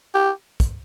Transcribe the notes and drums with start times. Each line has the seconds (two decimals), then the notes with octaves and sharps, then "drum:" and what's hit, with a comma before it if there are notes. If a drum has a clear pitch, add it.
0.14 G4
0.60 drum: kick, hi-hat